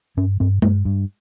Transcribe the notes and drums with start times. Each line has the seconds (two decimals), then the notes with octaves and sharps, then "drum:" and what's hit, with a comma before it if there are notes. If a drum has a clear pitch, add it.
0.17 G2 C#4
0.40 G2 C4
0.62 G2 A#3, drum: tom
0.85 G2